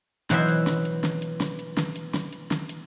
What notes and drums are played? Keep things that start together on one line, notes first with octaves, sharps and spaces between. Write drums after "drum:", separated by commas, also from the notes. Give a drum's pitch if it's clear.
B2 E3 F#3 C5 E5, drum: snare
drum: hi-hat
drum: snare
drum: hi-hat
drum: snare
drum: hi-hat
drum: snare
drum: hi-hat
drum: snare
drum: hi-hat
drum: snare
drum: hi-hat
drum: snare
drum: hi-hat